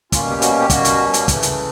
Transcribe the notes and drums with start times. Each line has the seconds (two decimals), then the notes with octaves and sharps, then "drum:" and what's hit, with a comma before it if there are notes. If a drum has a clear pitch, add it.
0.12 B2 G3 A#3 C#4 F4, drum: kick, hi-hat
0.30 G4
0.42 F#4, drum: hi-hat
0.59 G4
0.70 B2 G3 A#3 C#4 F#4, drum: kick, hi-hat
0.85 drum: hi-hat
1.14 drum: hi-hat
1.28 C#3 E3 A3, drum: kick, hi-hat
1.43 drum: hi-hat